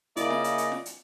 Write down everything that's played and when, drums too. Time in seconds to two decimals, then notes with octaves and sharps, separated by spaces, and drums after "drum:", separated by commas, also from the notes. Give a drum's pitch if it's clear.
0.17 C#3 A#3 E4 D5 D#5, drum: hi-hat
0.30 drum: snare F4
0.44 drum: hi-hat
0.58 drum: hi-hat
0.72 drum: snare F4
0.86 drum: hi-hat